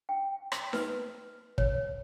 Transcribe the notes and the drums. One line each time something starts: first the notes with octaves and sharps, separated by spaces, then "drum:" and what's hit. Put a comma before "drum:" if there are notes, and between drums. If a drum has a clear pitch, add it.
G5
drum: rim click
B4, drum: snare D#4
C#5, drum: kick